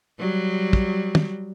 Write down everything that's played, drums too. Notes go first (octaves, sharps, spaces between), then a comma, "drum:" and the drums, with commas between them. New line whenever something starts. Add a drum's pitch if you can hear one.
F#3 G3
drum: kick
drum: tom